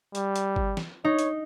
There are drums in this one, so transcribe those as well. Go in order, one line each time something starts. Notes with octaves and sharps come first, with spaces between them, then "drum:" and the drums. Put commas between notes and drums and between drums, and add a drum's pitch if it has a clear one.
G3, drum: hi-hat
drum: hi-hat
drum: kick G1
drum: snare
D#4 C#5
drum: hi-hat